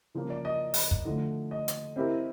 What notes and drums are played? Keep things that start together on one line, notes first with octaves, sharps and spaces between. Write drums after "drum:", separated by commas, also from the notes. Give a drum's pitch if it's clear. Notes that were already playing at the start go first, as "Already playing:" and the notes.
C#3 F3 A#3
D5
D#5
drum: open hi-hat
drum: kick
D3 F3 A3
D#5
drum: hi-hat
C4 E4 G4 A#4